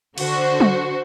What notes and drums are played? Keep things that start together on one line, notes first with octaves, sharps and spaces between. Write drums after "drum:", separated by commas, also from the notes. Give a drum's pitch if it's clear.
D3 F#4 C5, drum: cymbal
drum: tom F#3